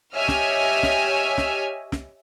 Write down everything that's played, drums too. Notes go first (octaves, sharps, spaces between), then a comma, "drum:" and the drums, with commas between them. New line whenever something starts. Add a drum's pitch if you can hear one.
G4 C#5 D#5 E5 G#5 F6
drum: snare
drum: snare
drum: snare
drum: snare